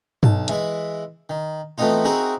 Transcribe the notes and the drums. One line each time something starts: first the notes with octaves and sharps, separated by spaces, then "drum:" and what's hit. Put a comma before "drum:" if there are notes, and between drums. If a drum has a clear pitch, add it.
B1 A5, drum: tom G2
E3 G#3 E4, drum: hi-hat
D#3
E3 A3 B3 C4 D#4 F4
C4 D#4 E4 F#4 G#4 A#4